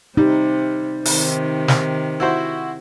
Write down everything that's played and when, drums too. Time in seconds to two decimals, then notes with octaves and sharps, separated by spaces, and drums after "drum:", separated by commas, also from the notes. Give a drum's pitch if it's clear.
0.17 C3 G3 D#4
1.05 C3 D#3, drum: open hi-hat
1.68 drum: snare
2.20 E4 F#4 C5